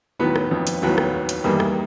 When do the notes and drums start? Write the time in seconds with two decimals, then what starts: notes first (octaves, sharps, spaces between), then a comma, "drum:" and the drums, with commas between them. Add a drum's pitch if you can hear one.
0.19 D#2 A2 D#3 F#3 B3
0.36 drum: rim click
0.51 F2 F3
0.67 drum: hi-hat
0.82 D#2 A2 D#3 F#3 B3
0.98 drum: rim click
1.29 drum: hi-hat
1.44 E2 G2 D#3 E3 G3 A#3
1.60 drum: rim click